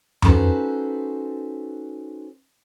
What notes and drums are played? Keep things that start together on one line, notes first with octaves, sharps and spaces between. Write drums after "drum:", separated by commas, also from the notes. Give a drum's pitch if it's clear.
C#4 D#4 F#4 A4 B4 C5, drum: tom F2